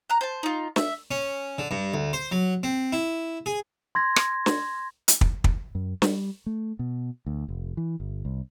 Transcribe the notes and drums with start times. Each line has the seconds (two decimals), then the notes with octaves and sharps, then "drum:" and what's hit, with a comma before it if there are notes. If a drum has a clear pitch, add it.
0.10 A#5 F#6
0.21 C5 A5
0.43 D#4 F4
0.76 E5, drum: snare
1.11 C#4
1.58 D3
1.71 G2
1.94 D2
2.13 C5
2.32 F#3
2.63 C4
2.93 E4
3.46 G#4
3.95 C6 G#6 A#6
4.16 drum: rim click
4.46 drum: snare
5.08 drum: hi-hat
5.21 drum: kick
5.44 drum: kick
5.75 F#2
6.02 G3, drum: snare
6.46 A3
6.79 B2
7.26 D2
7.49 F1
7.77 E3
8.00 G1
8.25 C2